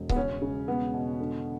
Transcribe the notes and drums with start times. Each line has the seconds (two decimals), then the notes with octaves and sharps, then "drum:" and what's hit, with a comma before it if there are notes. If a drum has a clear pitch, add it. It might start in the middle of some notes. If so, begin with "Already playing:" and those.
Already playing: E1
0.09 B3, drum: kick C#1
0.16 C#3 C#4
0.42 C#3
0.67 E1 B3
0.94 B2
1.19 D3